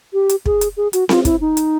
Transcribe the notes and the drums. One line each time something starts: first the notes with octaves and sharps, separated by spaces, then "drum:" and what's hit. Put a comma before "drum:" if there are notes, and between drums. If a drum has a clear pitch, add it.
G4
drum: hi-hat
G#4, drum: kick
drum: hi-hat
G#4
F#4, drum: hi-hat
F4, drum: snare C4
E4, drum: kick, hi-hat
D#4
drum: hi-hat